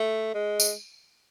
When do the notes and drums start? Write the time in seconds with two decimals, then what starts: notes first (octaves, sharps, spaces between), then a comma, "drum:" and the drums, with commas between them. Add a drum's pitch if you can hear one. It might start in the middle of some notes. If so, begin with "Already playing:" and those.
Already playing: A3
0.34 G#3
0.60 drum: tambourine